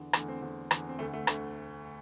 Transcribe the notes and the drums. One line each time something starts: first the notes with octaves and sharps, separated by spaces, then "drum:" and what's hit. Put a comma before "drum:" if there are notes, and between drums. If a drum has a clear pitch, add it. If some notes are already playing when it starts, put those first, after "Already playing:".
Already playing: E2 D3
E2 D3 A3, drum: rim click
C4
E2 D3 C4
E2 D3, drum: rim click
C4
D2 D3 A3
A3
D2 D3 A3, drum: rim click